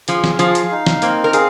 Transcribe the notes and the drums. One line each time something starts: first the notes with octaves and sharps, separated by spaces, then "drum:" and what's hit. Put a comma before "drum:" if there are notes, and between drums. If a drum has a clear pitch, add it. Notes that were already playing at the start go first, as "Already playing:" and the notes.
F3 G#4, drum: hi-hat
drum: snare
F3 F5, drum: hi-hat
drum: hi-hat
D#4
drum: snare
A#3 C4, drum: hi-hat
A#4
G#4 F5, drum: hi-hat